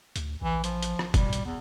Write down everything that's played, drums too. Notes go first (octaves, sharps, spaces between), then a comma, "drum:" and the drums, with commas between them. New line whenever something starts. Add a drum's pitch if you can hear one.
D2, drum: hi-hat
A#1 E3
F3, drum: hi-hat
drum: hi-hat
drum: rim click
B2 G3, drum: kick, hi-hat
drum: hi-hat
E2